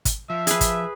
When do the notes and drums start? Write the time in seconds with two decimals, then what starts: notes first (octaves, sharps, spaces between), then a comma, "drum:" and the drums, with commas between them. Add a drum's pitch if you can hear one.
0.05 drum: kick, hi-hat
0.30 F3 E5
0.47 G#4 B4, drum: hi-hat
0.61 drum: kick, hi-hat